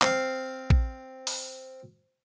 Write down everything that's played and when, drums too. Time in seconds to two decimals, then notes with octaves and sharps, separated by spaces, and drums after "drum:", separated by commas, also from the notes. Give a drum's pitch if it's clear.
0.02 C4 F5, drum: clap
0.70 drum: kick A#1
1.27 drum: open hi-hat